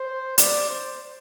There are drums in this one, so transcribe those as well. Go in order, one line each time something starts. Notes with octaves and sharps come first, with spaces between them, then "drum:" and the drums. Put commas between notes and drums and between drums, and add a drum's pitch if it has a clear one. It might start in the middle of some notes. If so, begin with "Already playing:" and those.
Already playing: C5
D5, drum: hi-hat
C5